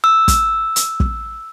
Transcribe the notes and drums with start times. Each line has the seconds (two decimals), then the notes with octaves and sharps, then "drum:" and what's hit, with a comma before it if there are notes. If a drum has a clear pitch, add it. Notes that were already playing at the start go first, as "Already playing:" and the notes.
0.04 E6
0.28 drum: kick, hi-hat
0.76 drum: hi-hat
1.00 drum: kick